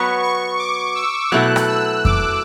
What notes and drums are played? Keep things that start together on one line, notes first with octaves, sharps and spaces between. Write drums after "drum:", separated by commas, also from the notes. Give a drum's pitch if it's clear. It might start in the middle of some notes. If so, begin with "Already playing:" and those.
Already playing: F#3 B3 F#4 B4 C#6
C#6
D6
E6
B2 F#3 A3 E4 A4 F#6
drum: rim click
E6
D6, drum: kick F2